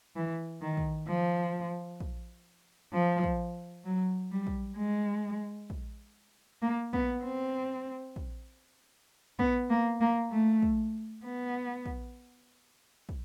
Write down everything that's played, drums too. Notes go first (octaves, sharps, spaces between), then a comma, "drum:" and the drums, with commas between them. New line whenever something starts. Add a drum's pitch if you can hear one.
E3
D#3
drum: kick
F3
drum: kick
F3
drum: kick
F#3
G3
drum: kick
G#3
drum: kick
A#3
B3, drum: kick
C4
drum: kick
B3, drum: kick
A#3
A#3
A3
drum: kick
B3
drum: kick
drum: kick